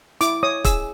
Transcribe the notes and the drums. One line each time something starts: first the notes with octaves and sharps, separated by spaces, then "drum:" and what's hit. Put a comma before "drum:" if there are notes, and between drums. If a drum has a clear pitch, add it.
E4 D6, drum: hi-hat
C#5 D#6
G#4 E6, drum: kick, hi-hat